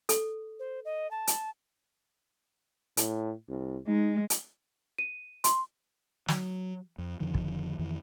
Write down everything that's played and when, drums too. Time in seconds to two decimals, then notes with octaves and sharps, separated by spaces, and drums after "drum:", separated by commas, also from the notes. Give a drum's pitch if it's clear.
0.09 A4, drum: hi-hat
0.59 C5
0.85 D#5
1.11 A5
1.27 drum: hi-hat
2.97 A2, drum: hi-hat
3.49 C2
3.87 G#3 D#4
4.30 drum: hi-hat
4.98 D#7
5.44 C6, drum: hi-hat
6.28 F#3, drum: snare
6.98 F2
7.20 F2 D3 D#3 F3
7.34 drum: kick
7.79 F2 D#3 E3